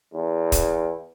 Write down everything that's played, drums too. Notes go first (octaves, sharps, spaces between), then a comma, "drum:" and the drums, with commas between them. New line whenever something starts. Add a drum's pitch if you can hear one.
E2
drum: kick, hi-hat